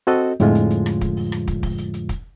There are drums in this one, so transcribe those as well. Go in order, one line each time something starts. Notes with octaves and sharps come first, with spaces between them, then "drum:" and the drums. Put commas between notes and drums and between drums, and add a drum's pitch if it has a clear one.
C4 F#4 A4 D#5
F2 A2 D3 F3 G#3 F4, drum: hi-hat
drum: hi-hat
drum: hi-hat
drum: rim click
drum: kick, hi-hat
drum: open hi-hat
drum: rim click
drum: kick, hi-hat
drum: kick, open hi-hat
drum: hi-hat
drum: hi-hat
drum: kick, hi-hat